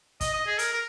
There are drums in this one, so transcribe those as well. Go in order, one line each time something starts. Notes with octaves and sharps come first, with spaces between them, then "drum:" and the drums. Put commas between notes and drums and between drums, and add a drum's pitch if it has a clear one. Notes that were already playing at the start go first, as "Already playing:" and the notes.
D#5, drum: kick, hi-hat
D#5
G#4
A#4, drum: hi-hat
A#4